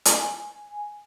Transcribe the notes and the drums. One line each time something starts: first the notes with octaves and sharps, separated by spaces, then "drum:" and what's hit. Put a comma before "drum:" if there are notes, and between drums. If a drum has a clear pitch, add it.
drum: hi-hat
G#5